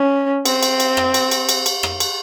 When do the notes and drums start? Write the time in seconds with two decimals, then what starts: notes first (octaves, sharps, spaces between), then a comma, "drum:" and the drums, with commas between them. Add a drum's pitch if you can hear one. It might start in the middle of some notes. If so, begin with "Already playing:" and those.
Already playing: C#4
0.46 C4, drum: cymbal
0.63 drum: cymbal
0.80 drum: cymbal
0.97 drum: rim click
1.14 drum: cymbal
1.31 drum: cymbal
1.49 drum: cymbal
1.66 drum: cymbal
1.83 drum: rim click
2.00 drum: cymbal